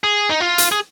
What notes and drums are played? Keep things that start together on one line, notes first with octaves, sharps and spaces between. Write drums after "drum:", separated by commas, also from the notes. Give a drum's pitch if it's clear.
G#4
D#4
F4
drum: hi-hat
G#4